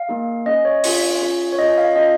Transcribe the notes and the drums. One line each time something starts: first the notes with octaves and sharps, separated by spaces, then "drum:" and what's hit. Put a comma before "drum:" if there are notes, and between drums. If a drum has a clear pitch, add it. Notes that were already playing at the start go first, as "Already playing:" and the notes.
Already playing: F5
A#3 D#4 G#4
C#4 G#4 D#5
C#5
C#4 F4 G#4, drum: open hi-hat
C#4 F4 G#4
C#5
C#4 F4 G#4 D#5
F5
C#4 F4 G#4 D#5